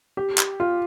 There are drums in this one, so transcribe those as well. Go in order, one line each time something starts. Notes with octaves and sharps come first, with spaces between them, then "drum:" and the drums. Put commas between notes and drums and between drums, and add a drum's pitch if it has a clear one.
G4
drum: clap
F4